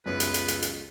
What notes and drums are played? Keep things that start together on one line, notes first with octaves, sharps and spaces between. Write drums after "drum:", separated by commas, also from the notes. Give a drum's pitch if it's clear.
C#2 F#2 B3 B4
drum: hi-hat
drum: hi-hat
drum: hi-hat
drum: hi-hat